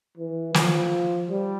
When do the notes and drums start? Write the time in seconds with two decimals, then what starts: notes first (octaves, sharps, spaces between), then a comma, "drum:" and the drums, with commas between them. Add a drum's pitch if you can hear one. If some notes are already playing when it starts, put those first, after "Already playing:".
0.17 E3
0.54 F3, drum: snare
1.29 G3